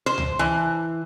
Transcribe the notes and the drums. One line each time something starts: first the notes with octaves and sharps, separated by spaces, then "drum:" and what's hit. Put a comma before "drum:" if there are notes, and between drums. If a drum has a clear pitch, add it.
C5
drum: tom C#2
E3